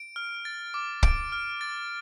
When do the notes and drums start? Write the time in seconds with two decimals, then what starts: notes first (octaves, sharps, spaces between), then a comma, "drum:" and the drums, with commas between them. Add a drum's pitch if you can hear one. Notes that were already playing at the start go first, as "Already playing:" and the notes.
Already playing: D7
0.16 F6
0.45 A6
0.74 D6
1.03 D7, drum: kick
1.32 F6
1.61 A6